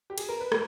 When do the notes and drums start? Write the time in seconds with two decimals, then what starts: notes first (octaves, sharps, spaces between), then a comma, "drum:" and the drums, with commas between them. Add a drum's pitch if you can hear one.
0.10 G4
0.18 G#4, drum: cymbal
0.29 A#4
0.40 B4
0.52 A#4, drum: rim click